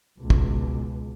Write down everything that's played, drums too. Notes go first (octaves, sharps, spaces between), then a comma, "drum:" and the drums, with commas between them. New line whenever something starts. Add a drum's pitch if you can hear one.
C#2 B2
drum: kick